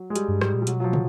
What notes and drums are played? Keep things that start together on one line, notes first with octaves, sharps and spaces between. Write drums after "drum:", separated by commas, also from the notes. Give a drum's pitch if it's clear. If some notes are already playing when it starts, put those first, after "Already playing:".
Already playing: F#3
G#3
G3, drum: hi-hat
G2
G#2 G3, drum: rim click
A#2
G3
B2 F#3, drum: hi-hat
F#3
F3
drum: tom